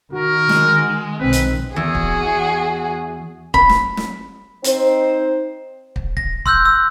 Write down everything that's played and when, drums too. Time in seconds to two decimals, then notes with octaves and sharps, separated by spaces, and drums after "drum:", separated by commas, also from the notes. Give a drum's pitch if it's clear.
0.13 D#3 F#4 A#4
0.49 G#3, drum: snare
1.20 B1 D#3 C4 B4
1.33 drum: hi-hat
1.76 E2 F#4 G#4
1.95 drum: kick
3.54 B5, drum: kick
3.69 drum: snare
3.97 drum: snare
4.64 C4 D#4 C5, drum: hi-hat
5.96 drum: kick
6.17 A#6, drum: kick
6.46 C6 E6 F#6 G6, drum: kick
6.65 E6